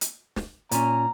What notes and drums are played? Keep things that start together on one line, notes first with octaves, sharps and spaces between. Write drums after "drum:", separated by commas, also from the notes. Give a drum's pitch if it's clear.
drum: hi-hat
drum: snare
A#2 C#4 A#5, drum: hi-hat